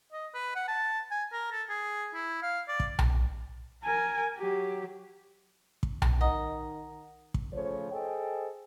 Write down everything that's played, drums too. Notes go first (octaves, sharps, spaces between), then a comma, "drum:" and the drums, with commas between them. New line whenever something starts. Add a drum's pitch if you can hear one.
D#5
B4
F#5
A5
G#5
A#4
A4
G#4
E4
F5
D5
drum: kick
drum: tom B1
A#4 G#5
F#3 G4
drum: kick
drum: tom B1
D#3 D#5 F#5 A#5
drum: kick
C#3 F3 A3 C5 C#5
G#4 A4 C5 D#5 G5